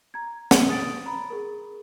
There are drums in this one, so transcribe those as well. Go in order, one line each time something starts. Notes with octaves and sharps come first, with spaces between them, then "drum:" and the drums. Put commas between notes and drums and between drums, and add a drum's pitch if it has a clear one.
A#5 G#6
drum: snare
D#6 A6 D7
A#5 B5
G#4 A#4